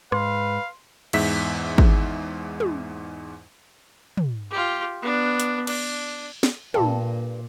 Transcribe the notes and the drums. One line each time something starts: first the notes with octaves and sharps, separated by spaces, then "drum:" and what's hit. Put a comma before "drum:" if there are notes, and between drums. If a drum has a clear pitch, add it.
G#2 B4 F5 C6, drum: rim click
E2 G#2 E5 B6, drum: cymbal
drum: kick
drum: tom
drum: tom
F4 G4
B3 D4
drum: hi-hat
D4, drum: cymbal
drum: snare
G2 A#2 A4, drum: tom